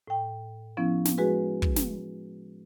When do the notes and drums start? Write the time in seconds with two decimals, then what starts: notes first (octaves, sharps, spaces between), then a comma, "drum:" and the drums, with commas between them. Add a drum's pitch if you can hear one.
0.07 A2 G5
0.77 F3 B3 C#4 E4
1.05 drum: snare
1.18 G#3 F#4 G#4 B4
1.62 drum: kick
1.76 drum: snare